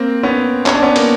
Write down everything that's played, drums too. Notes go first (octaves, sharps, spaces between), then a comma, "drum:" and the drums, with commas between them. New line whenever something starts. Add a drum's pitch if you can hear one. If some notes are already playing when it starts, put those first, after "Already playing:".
Already playing: A#3 C4
B3 C#4
C#4, drum: clap
D4
B3 C#4
A#3, drum: cymbal